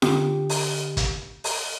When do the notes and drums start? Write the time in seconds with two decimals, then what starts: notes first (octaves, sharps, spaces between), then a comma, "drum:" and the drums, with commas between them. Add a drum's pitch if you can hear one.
0.02 D3 G4, drum: snare F4
0.49 drum: open hi-hat
0.97 drum: kick, hi-hat
1.44 drum: open hi-hat